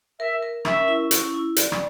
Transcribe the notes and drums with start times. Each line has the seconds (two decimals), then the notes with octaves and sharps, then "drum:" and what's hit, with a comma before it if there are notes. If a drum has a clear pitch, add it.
0.19 A#4 E5
0.43 A#4
0.65 C#4 E5, drum: rim click
0.88 E4
1.11 C#4, drum: hi-hat
1.34 E4
1.56 D5, drum: hi-hat
1.72 drum: rim click